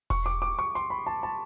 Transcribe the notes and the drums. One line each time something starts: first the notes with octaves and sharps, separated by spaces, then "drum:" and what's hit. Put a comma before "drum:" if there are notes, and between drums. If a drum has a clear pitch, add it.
C#6, drum: kick E1, open hi-hat
D6
D6
C#6
C6, drum: hi-hat
B5
A5
A5